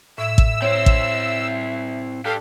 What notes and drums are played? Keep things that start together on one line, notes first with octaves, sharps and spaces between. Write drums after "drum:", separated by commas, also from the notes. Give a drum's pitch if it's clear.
A2 E5 E6
drum: kick A1
C4 E4 C5 C#5
drum: kick A1
D4 G4 A4 F5